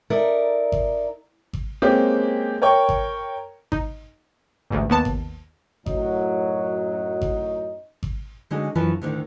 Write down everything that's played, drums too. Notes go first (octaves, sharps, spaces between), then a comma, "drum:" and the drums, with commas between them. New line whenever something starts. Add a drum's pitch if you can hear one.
D#4 A4 A#4 D5 E5
drum: kick G#1
drum: kick G#1
G#3 A#3 C4 C#4 G4
A#4 C#5 G5 C#6
drum: kick G#1
D#4, drum: kick G#1
A1 D2 G#2
D#2 B3 A5
drum: kick G#1
F#2 A2 F#3 D#4, drum: kick G#1
drum: kick G#1
drum: kick G#1
D3 G#3 C#4 D#4 F#4
F#2 E3 F3 B4 C#5 A5
D2 A2 D3 D#3